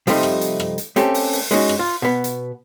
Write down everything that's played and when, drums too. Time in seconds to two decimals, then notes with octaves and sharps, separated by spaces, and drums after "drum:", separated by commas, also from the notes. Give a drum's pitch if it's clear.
0.07 C3 F3 G3 A3 C4 D#4, drum: open hi-hat
0.23 drum: rim click
0.41 drum: hi-hat
0.60 drum: rim click
0.78 drum: hi-hat
0.96 A3 C4 C#4 G4 A4, drum: hi-hat
1.14 drum: open hi-hat
1.33 drum: open hi-hat
1.51 G#3 C#4 D#4 F#4, drum: open hi-hat
1.69 drum: rim click
1.79 F4
2.02 B2 B3
2.24 drum: hi-hat